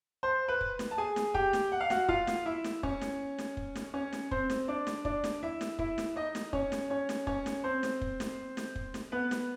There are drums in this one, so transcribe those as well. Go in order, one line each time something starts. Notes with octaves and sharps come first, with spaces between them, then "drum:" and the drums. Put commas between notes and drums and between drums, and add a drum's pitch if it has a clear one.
C5 C6
B4 B5
drum: kick
drum: snare
A5
G#4 G#5
drum: snare
G4 G5, drum: kick
drum: snare
F#5
F5
F#4 F#5, drum: snare
F4 F5, drum: kick
drum: snare
E4 E5
drum: snare
C#4 C#5, drum: kick
drum: snare
drum: snare
drum: kick
drum: snare
C#4 C#5
drum: snare
C4 C5, drum: kick
drum: snare
D4 D5
drum: snare
D4 D5, drum: kick
drum: snare
E4 E5
drum: snare
E4 E5, drum: kick
drum: snare
D#4 D#5
drum: snare
C#4 C#5, drum: kick
drum: snare
C#4 C#5
drum: snare
C#4 C#5, drum: kick
drum: snare
C4 C5
drum: snare
drum: kick
drum: snare
drum: snare
drum: kick
drum: snare
B3 B4
drum: snare